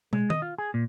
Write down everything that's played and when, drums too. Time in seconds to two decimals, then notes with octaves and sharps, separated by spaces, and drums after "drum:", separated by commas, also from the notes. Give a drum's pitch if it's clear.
0.13 G#3, drum: tom
0.30 D#5, drum: tom D#3
0.42 F4
0.58 G#4
0.74 A#2